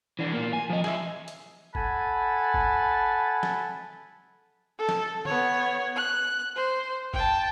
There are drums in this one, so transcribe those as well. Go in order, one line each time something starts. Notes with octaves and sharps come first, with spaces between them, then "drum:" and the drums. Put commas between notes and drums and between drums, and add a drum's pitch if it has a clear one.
E3 D4
A#2 A#3
G#5
F3 D#5
G#4 E5, drum: snare
drum: hi-hat
A4 F#5 G#5 A5 B5, drum: kick G1
drum: kick G1
drum: snare
A4
drum: snare
B3 C#5, drum: tom D3
F#6
C5
G5 A5, drum: kick G1